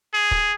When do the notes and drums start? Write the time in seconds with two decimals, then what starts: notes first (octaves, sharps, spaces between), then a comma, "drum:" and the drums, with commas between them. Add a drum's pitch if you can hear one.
0.13 G#4
0.31 drum: kick